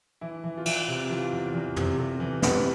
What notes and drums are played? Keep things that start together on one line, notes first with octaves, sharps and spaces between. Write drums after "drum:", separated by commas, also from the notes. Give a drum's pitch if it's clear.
E3 E4
E3
F4
E3 E4, drum: cymbal
C3
E3 F4
E2
E2
C3, drum: tom
C3 A4
E3
C3 B4, drum: snare